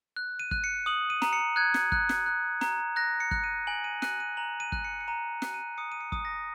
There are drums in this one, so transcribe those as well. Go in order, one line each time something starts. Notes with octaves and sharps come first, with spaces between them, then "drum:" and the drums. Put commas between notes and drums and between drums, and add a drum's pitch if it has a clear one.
F#6
D#7
F#6, drum: kick
C#7
D#6 F#7
D#7
A#5, drum: snare
C#7
F#6 G#6
drum: snare
F#6, drum: kick
drum: snare
F#6
A#5, drum: snare
F#6 A#6
C#7
F#6, drum: kick
D#7
G#5 F#7
D#7
F#6 D#7, drum: snare
D#7
A#5 F#7
D#7
F#6, drum: kick
C#7
C#7
A#5 D#7
F#6, drum: snare
D#7
D#6 C#7
D#7
C#7
D#6, drum: kick
A#6